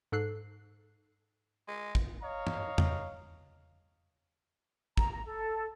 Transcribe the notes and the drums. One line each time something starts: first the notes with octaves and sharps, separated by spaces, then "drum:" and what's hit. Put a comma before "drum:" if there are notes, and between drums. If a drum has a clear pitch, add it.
G#2 A4 F#6 C7
G#3
drum: kick
C#5 D#5 F5 A#5
drum: tom
drum: tom E2
A#5, drum: kick
A#5
A4